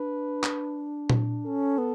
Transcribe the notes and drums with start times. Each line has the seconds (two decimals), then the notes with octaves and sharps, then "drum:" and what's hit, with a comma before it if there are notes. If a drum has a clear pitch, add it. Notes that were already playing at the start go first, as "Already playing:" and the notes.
Already playing: D4 B4
0.43 drum: clap
1.10 drum: tom A#2
1.46 C#4 A4
1.78 B3